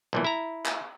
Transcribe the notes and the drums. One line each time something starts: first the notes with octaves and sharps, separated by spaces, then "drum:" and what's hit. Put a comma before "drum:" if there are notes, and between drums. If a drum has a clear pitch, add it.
B1 A#2 E3
E4 A#5
drum: clap